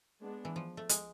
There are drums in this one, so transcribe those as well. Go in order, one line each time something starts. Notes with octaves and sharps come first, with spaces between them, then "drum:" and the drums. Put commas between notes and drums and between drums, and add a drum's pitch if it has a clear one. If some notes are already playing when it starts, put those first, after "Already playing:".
G#3 B3 D4
E3
F3
A3
G#3, drum: hi-hat